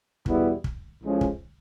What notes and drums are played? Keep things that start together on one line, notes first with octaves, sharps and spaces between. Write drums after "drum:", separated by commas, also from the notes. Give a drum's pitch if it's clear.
E2 B2 G3 B3 E4, drum: kick
drum: kick
A1 A2 F3 G#3 C#4
drum: kick